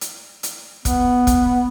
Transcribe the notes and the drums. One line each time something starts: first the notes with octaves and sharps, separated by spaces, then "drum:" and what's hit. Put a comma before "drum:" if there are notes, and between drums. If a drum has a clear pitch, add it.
drum: hi-hat
drum: hi-hat
B3, drum: kick, hi-hat
drum: kick, hi-hat